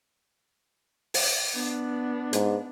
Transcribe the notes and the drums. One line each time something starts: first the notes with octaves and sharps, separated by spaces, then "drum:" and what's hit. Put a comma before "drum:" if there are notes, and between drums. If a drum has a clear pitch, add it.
drum: open hi-hat
B3 D4
G#2, drum: hi-hat